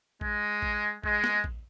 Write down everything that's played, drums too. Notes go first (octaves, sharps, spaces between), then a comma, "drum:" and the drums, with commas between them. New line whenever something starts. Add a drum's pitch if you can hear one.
G#3, drum: kick A1
drum: kick A1
G#3, drum: kick A1
drum: snare
drum: kick A1